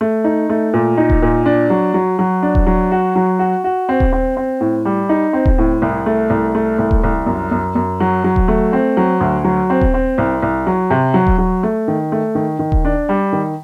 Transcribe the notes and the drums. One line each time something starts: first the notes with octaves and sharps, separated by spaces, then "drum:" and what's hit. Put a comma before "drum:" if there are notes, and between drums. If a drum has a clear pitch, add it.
A3
D#4
A3
A#2
D#4
drum: kick D#1
A#2
D4
F#3
F#3
F#3
D4
drum: kick D#1
F#3
F#4
F#3
F#4
F#4
C4
drum: kick D#1
C4
C4
A2
G3
D#4
C4
drum: kick D#1
A2
C2
A3
C2
A3
C2
drum: kick D#1
C2
F#2
F#2
F#2
F#3
F#3
drum: kick D#1
A3
C4
F#3
D2
F#3
C4
drum: kick D#1
C4
C2
C2
F#3
C3
F#3
drum: kick D#1
F#3
A3
D#3
A3
D#3
D#3
drum: kick D#1
D4
G3
D#3